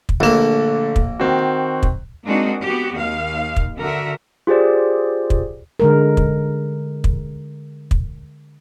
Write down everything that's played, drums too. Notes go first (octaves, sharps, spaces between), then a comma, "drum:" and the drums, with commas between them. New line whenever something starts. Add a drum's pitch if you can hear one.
drum: kick
A#1 D3 A3 A#3 E7
drum: kick
D#3 C4 F#4
drum: kick
G#3 A#3 C4 D4 D#4 F#4
B3 F#4 G4
D#2 F5
drum: kick
D3 F#4 A#4 E5
F4 G4 G#4 C5 D5
drum: kick
D3 G#3 A#4
drum: kick
drum: kick
drum: kick